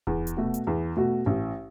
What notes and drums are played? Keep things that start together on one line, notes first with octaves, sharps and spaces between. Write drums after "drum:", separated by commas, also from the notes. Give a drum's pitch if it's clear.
E2, drum: kick D1
drum: hi-hat
B2 A3 F#4
drum: hi-hat
E2
B2 A3 F#4
A1